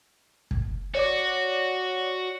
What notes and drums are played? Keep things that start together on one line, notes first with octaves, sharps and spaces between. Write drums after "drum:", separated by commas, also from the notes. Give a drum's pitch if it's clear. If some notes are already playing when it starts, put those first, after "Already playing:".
drum: kick
F#4 C#5 D5 D6